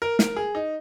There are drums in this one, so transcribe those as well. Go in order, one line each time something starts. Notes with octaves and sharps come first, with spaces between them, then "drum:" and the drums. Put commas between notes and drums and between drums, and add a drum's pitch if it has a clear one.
A#4
A#4, drum: snare
G#4
D#4